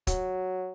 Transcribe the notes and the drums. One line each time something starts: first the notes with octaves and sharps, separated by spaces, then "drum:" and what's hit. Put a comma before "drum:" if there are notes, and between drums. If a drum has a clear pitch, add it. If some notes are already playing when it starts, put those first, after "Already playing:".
F#3, drum: kick, hi-hat